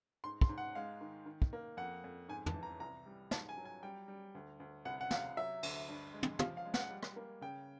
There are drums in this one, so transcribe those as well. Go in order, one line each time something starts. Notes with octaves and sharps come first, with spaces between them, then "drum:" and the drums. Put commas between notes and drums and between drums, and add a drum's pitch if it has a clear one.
G#2 C6
C6, drum: kick
G#2
F#5
G#3 F5
D#3
D#3
drum: kick
A#3
F2 F#5
F2
G#2 G#5
A5, drum: tom
E3
A#5
C2 A#5
G3
G#2 A5, drum: snare
G#5
F#3
G#5
G3 G5
G3
D2
D2
C2 F#5
F#5
C3 F5, drum: snare
F#3 E5
D2, drum: cymbal
G2
G#3
drum: tom
F3 F5, drum: tom
F5
G#3
F#5, drum: snare
G3
drum: rim click
A#3
C#3 G5